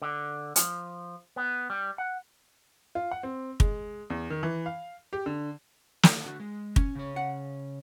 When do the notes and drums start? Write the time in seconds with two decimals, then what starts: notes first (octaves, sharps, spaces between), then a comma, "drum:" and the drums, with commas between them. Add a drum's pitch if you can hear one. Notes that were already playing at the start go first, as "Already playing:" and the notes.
0.02 D3
0.56 F3, drum: hi-hat
1.36 B3
1.70 G3
1.98 F#5
2.95 F4
3.11 F#5
3.23 C4
3.60 G#3, drum: kick
4.10 E2
4.30 D#3
4.43 E3
4.66 F5
5.13 G4
5.26 D3
6.03 drum: snare
6.25 D3 F#4
6.40 G#3
6.76 C#4, drum: kick
6.95 C#3 C#5
7.16 F#5